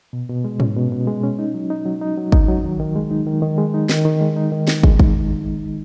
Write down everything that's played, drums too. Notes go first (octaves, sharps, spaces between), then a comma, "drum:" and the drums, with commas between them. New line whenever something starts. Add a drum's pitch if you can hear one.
B2
B2
G#3
C#4, drum: tom G#2
B2
B2
G#3
C#4
D#4
F#3
D#4
F#3
D#4
F#3
D#4, drum: kick
F#3
D#3
D#3
G#3
D#4
D#3
D#3
G#3
D#4
D#3, drum: snare
D#3
G#3
D#4
D#3
D#3, drum: snare
G#3, drum: kick
D#4, drum: kick